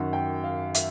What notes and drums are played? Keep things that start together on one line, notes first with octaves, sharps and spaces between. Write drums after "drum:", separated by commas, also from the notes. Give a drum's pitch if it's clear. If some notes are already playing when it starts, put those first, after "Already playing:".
Already playing: F#2 D#3 F#3 F#5
G5
F5
E5, drum: hi-hat